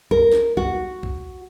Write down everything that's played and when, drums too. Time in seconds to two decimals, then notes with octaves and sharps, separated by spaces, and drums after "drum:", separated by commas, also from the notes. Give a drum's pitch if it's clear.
0.11 A#4, drum: kick B1
0.32 drum: snare
0.57 F#4, drum: kick B1
1.03 drum: kick B1